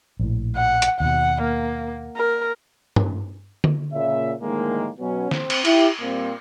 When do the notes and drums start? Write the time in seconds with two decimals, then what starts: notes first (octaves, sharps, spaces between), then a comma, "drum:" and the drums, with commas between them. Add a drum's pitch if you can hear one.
0.20 A#1 A2
0.56 F#5
0.82 drum: hi-hat
1.00 D#2 B2 F#5
1.42 A#3
2.16 A#4
2.96 drum: tom G2
3.64 drum: tom D3
3.93 A#2 C#3 E5
4.41 A2 D3 D#3 F3 G#3 A#3
4.99 B2 F#3 B3 C#4
5.31 C4, drum: snare
5.50 drum: cymbal
5.65 E4 G4, drum: cymbal
6.01 A#2 G3 A#3 C4